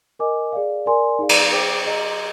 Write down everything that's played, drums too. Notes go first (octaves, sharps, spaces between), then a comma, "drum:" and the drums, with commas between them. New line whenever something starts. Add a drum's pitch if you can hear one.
A#4 D#5 G#5 D6
G#4 D5 F5
A#4 D5 G#5 C6
D#4 G#4 D5 F5
drum: cymbal
G#4 C5 G5 D6
G#4 D#5 A#5